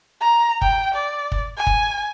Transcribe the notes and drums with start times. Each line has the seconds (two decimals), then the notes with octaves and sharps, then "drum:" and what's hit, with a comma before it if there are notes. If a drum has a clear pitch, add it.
0.21 A#5
0.62 G5, drum: kick
0.95 D5
1.32 drum: kick
1.57 G#5
1.67 drum: kick